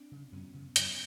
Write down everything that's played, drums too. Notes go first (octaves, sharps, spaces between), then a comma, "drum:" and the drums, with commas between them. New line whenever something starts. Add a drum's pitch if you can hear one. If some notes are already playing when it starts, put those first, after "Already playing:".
Already playing: C4 D4
C#3
F#2 B3 C#4
C#3
F#2, drum: hi-hat